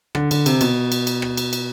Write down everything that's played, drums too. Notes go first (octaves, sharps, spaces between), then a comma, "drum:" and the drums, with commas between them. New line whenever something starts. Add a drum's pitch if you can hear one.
D3, drum: rim click
D3, drum: cymbal
C3, drum: cymbal
B2, drum: cymbal
drum: cymbal
drum: cymbal
drum: rim click
drum: cymbal
drum: cymbal